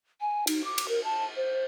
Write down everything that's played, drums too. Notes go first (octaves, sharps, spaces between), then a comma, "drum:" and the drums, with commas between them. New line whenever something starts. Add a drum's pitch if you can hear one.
G#5
D#4, drum: cymbal
D6
drum: cymbal
A#4
A5
C5